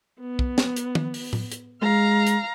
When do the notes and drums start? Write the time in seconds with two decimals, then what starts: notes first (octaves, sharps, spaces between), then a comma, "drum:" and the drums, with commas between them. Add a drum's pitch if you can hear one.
0.20 B3
0.39 drum: kick
0.58 drum: snare
0.77 drum: hi-hat
0.95 drum: tom
1.14 drum: open hi-hat
1.33 drum: tom A2
1.52 drum: hi-hat
1.82 G#3 F5 A#5
2.27 drum: hi-hat